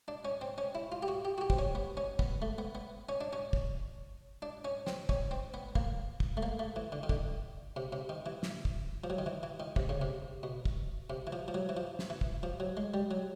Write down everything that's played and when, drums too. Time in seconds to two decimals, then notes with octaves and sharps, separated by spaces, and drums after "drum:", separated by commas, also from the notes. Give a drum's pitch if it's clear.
0.08 D4
0.25 C#4
0.41 C4
0.58 C#4
0.75 E4
0.92 F4
1.03 G4
1.08 F#4
1.25 G4
1.38 F#4
1.41 G4
1.50 C4, drum: kick
1.58 C#4
1.75 B3
1.97 C#4
2.19 B3, drum: kick
2.42 A3
2.58 B3
2.75 B3
3.09 C#4
3.21 D4
3.33 C#4
3.53 drum: kick
4.42 D4
4.65 C#4
4.87 C4, drum: snare
5.09 C#4, drum: kick
5.31 C4
5.54 B3
5.75 A#3, drum: kick
6.20 drum: kick
6.37 A3
6.43 A#3
6.59 A3
6.76 E3
6.92 D3
7.03 D#3
7.09 D3, drum: kick
7.76 C3
7.92 C3
8.09 D#3
8.26 E3
8.43 drum: snare
8.65 drum: kick
9.04 F3
9.10 F#3
9.18 D#3
9.26 E3
9.43 E3
9.60 D#3
9.76 C3, drum: kick
9.89 C#3
10.01 C3
10.43 B2
10.65 drum: kick
11.10 C3
11.27 E3
11.32 F3
11.48 F3
11.54 F#3
11.69 E3
11.77 F3
11.99 drum: snare
12.10 E3
12.21 drum: kick
12.43 F3
12.60 F#3
12.77 G#3
12.94 G3
13.11 F#3